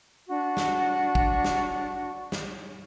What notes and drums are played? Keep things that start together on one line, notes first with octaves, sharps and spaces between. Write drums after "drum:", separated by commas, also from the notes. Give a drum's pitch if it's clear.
D4 F#4
drum: snare
drum: kick
drum: snare
drum: snare